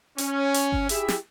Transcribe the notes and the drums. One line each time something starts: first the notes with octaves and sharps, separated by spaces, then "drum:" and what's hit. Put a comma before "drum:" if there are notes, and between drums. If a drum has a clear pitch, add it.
C#4, drum: hi-hat
drum: hi-hat
drum: kick G1
E4 G4 G#4 E5, drum: hi-hat
drum: snare